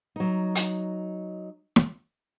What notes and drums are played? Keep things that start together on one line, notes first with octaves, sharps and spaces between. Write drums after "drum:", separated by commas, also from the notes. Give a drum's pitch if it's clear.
F#3 D#4
drum: hi-hat
drum: snare